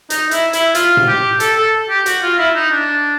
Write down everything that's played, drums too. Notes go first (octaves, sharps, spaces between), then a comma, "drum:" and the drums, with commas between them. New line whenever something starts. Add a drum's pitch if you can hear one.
D#4, drum: hi-hat
E4, drum: hi-hat
E4, drum: hi-hat
F4, drum: hi-hat
drum: tom A2
G4
A4, drum: hi-hat
A4
G4
F#4, drum: hi-hat
F4
E4
D#4
D4